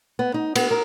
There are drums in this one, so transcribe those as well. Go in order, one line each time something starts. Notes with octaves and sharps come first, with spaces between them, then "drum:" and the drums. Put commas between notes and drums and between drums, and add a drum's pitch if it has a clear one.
B3
D#4
B3, drum: cymbal
A#4